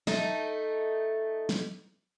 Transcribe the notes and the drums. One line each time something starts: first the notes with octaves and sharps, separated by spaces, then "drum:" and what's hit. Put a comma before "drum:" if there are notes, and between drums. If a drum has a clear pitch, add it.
A3 D#4, drum: snare
drum: snare